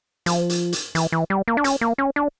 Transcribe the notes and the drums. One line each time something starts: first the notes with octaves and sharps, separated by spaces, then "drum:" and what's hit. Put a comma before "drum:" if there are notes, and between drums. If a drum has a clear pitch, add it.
F3, drum: hi-hat
drum: hi-hat
drum: hi-hat
E3, drum: hi-hat
E3
G3
A#3
D4
C#4, drum: hi-hat
A#3
C#4
D4